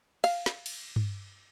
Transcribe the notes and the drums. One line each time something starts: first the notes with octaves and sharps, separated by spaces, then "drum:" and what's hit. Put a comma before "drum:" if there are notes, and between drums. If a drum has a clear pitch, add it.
F5, drum: cymbal
drum: snare
drum: cymbal
drum: tom G2